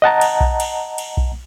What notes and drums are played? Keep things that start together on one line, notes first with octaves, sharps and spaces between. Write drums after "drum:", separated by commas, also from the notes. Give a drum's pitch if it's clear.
D#5 F#5 A5 A#5
drum: cymbal
drum: kick B1
drum: cymbal
drum: cymbal
drum: kick B1